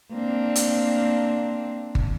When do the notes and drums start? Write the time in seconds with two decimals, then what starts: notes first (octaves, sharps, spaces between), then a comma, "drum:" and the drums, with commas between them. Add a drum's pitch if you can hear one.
0.12 A#3 C4 D4
0.56 drum: hi-hat
1.95 drum: kick G1